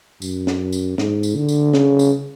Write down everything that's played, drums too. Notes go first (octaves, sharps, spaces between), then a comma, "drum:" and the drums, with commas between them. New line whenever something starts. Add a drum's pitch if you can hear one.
F#2, drum: tambourine
drum: snare
drum: tambourine
G#2, drum: snare
drum: tambourine
D3
drum: tambourine
C#3, drum: snare
drum: tambourine